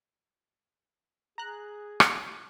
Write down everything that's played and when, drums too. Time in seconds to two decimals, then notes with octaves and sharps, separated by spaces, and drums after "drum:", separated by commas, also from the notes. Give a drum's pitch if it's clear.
1.38 G#4 A#5 F#6
2.00 drum: rim click